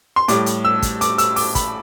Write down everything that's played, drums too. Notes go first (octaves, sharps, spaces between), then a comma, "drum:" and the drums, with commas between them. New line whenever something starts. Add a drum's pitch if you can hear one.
C6
A2 G3 D6, drum: hi-hat
drum: hi-hat
E6
drum: kick, hi-hat
D6, drum: hi-hat
E6, drum: hi-hat
D6, drum: open hi-hat
B5, drum: kick, hi-hat